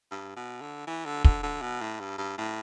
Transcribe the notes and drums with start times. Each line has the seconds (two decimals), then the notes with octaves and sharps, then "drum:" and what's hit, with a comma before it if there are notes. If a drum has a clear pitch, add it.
0.11 G2
0.36 B2
0.61 D3
0.87 E3
1.05 D3
1.24 D3, drum: kick
1.43 D3
1.62 B2
1.81 A2
2.00 G2
2.18 G2
2.38 A2